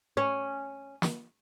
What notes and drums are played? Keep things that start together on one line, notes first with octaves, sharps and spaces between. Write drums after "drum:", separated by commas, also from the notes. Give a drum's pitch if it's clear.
C#4
drum: snare